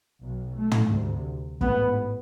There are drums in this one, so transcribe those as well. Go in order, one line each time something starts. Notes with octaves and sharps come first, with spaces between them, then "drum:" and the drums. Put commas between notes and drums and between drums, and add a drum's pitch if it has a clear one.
B1 B2
A3
drum: tom
D2 C3
A1 G#2 B3, drum: kick